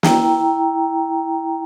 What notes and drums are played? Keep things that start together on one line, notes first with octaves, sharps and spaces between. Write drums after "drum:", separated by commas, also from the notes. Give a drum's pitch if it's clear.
E4 G5 A#5, drum: snare